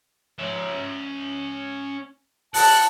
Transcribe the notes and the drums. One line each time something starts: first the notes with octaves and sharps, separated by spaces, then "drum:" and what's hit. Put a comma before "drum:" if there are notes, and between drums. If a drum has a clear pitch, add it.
C#4 E5
F#5 A5, drum: open hi-hat